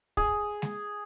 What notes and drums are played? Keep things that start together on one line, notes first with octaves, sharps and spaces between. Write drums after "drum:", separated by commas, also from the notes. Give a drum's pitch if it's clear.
G#4, drum: kick
drum: snare G#3